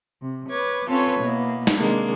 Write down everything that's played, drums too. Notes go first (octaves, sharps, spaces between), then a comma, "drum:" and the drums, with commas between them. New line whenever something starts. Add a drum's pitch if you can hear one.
C3
B4 C#5 D6 G#6
C4 C#4 F4 A4 B4 C#5
B2 A#3 B3 E4
drum: snare
C3 D#3 G#3 A#3 D4